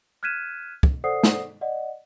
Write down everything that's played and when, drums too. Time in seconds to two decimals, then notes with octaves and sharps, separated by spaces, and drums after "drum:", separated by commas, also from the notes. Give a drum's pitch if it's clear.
0.23 F6 F#6 G#6 B6 D#7 E7
0.83 drum: kick
1.04 A4 C5 D5 F#5 D#6 C7
1.23 drum: snare
1.61 D5 D#5 F#5